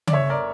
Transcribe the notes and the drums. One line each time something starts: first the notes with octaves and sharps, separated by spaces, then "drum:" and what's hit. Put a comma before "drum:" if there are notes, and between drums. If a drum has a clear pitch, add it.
D5, drum: tom C#3
G1 C#5 E5
A#4 D5